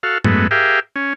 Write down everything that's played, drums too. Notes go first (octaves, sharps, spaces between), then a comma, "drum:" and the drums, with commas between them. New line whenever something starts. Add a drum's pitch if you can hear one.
F#4 A4 F5
F#2 G#3 A3 B3, drum: tom G#2
G4 G#4 A#4 E5 F5 G5
C#4